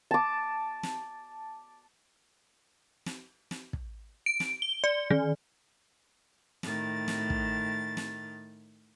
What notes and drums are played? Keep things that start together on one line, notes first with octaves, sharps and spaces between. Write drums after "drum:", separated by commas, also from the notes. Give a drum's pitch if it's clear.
A5 D6
drum: snare
drum: snare
drum: snare
drum: kick
D7
drum: snare
G7
D5
D#3
A2 D#3 A6, drum: snare
drum: snare
drum: kick
drum: snare